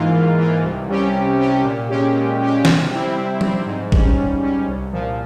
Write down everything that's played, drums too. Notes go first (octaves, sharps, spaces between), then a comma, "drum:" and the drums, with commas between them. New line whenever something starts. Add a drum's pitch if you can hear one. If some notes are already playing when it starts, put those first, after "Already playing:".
Already playing: G#2 E3 A#3 F4
G#2
E3 A#3 F4
C2
C3 G3 C#4 G4
C2
C3 G3 C#4 G4
A#2
G#3 C#4 G4
A#2
G#3 C#4 G4
C3, drum: snare
G3 C4 E4
C3
G3 C4 E4, drum: tom F3
G#2
G3 C#4, drum: kick A1
G#2
G3 C#4
C2
A#2 F3